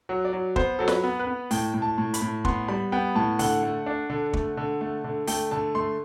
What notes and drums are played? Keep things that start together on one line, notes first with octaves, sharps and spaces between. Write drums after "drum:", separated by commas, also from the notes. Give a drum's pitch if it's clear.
F#3
D5
F#3
B3 C5, drum: kick
F#3 A4
B4, drum: snare
B3
B4
B3
A2 G5, drum: open hi-hat
A2
A5
A2
B5, drum: hi-hat
A2
B3 C6, drum: kick
G3 B5
B3 G5
A2 A5
D3 F#5, drum: open hi-hat
A3
D4
D3
A3, drum: kick
D3
A3
D3
A3 G5, drum: open hi-hat
D3 A5
A3 C6